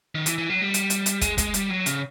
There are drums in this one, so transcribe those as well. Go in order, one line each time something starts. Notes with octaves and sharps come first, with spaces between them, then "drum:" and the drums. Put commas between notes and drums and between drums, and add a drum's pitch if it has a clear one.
D#3
E3, drum: hi-hat
E3
F#3
G3
drum: hi-hat
drum: hi-hat
drum: hi-hat
G#3, drum: kick, hi-hat
G#3, drum: kick, hi-hat
G3, drum: hi-hat
F#3
C#3, drum: hi-hat